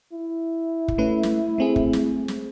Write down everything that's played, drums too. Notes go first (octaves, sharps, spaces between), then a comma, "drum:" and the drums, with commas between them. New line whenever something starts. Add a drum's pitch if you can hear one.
E4
drum: kick
A3 C#4 B4
drum: snare
A3 C4 G#4
drum: kick
drum: snare
drum: snare